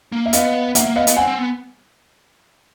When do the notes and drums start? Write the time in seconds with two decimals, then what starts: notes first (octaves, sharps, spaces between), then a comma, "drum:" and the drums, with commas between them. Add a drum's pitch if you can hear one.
0.12 A#3
0.26 E5
0.33 B3 D#5 F5, drum: hi-hat
0.75 A#3 E5 F#5, drum: hi-hat
0.86 A#3
0.96 B3 D#5 F5
1.07 B3, drum: hi-hat
1.16 C4 F#5 G#5
1.27 C4
1.38 B3